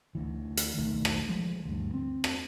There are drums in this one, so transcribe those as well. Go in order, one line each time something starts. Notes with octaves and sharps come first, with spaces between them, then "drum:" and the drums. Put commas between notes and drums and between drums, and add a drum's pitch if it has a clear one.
D2 E3
drum: hi-hat
E1 B1 D#3 A3
drum: rim click
E3 F3 G#3
D2 G2
C4
drum: rim click